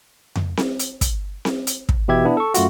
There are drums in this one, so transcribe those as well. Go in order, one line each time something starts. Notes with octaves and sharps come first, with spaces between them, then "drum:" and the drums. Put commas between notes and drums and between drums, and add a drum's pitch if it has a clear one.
drum: tom F2
drum: snare C4
drum: hi-hat
drum: kick, hi-hat
drum: snare C4
drum: hi-hat
drum: kick
B2 E3 G4 E5 G#6
B3 D4 E4
A4 C#6
F#2 A3 F4 F#4, drum: hi-hat